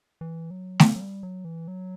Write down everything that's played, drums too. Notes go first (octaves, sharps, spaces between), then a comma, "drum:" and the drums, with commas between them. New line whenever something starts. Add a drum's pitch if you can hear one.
E3
F#3
B3, drum: snare A3
F#3
G3
F#3
E3
F#3